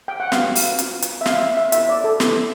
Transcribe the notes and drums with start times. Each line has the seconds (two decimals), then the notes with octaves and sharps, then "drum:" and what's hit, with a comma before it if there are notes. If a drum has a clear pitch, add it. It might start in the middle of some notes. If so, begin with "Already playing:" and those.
0.08 G5
0.20 F#5
0.32 G3 B3 D4 F#4 F5, drum: snare
0.55 F5, drum: open hi-hat
0.79 C4 F4, drum: hi-hat
1.02 drum: hi-hat
1.21 E5
1.26 C4 F4 F5, drum: snare
1.41 E5
1.57 E5
1.72 B3 E4 G4 E5, drum: hi-hat
1.89 D5
2.04 A4
2.20 B3 E4 G4, drum: snare